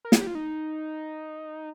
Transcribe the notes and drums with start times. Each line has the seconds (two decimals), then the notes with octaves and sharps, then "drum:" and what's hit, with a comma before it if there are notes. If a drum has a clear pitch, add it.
0.05 A#4
0.12 G#4, drum: snare
0.20 G4
0.27 F4
0.35 D#4